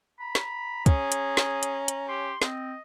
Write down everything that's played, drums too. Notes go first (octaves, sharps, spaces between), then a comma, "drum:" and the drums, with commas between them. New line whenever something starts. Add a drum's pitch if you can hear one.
A#5 B5
drum: snare
C#4 G#4, drum: kick, hi-hat
drum: hi-hat
drum: snare
drum: hi-hat
drum: hi-hat
G4 C6
C4 D#5, drum: snare